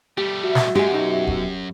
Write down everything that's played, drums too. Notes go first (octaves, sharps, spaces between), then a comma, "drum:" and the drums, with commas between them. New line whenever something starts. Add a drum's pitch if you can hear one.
G3 A3 G4
F#4 E5
drum: snare
F#2 G#3 G4 G#4
B1 D#4
drum: kick